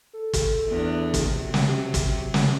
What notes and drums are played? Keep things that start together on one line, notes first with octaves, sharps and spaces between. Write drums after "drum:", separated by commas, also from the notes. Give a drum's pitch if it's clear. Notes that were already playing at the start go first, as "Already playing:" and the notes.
A4
drum: kick, hi-hat
E2 D4
drum: kick, hi-hat
C3 F#3
drum: snare
G4
drum: kick, hi-hat
drum: snare